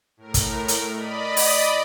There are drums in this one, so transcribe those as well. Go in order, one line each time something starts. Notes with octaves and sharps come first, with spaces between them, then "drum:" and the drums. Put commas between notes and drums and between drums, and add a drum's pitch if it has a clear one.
A2 A#4
drum: kick, hi-hat
drum: hi-hat
D5 D#5 B5
drum: open hi-hat